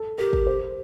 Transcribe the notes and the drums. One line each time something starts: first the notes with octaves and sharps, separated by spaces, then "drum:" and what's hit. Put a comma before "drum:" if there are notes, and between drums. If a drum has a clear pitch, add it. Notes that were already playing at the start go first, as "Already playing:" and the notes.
Already playing: A4
G4 A#4
A#4, drum: kick
C5